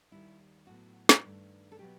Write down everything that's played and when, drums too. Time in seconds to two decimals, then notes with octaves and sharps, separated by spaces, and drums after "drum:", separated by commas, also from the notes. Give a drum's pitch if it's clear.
0.11 D#2 D#3 G3 E4
0.67 A2 F#3 B3 F#4
1.09 drum: snare
1.23 G2 D#3 A3
1.72 A4
1.79 B2 F#3 B3 G4